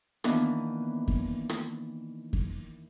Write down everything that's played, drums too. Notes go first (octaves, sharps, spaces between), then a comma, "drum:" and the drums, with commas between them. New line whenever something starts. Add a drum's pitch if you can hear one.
D#3 E3 A#3 B3 D4, drum: rim click
drum: kick F2
drum: rim click
drum: kick F2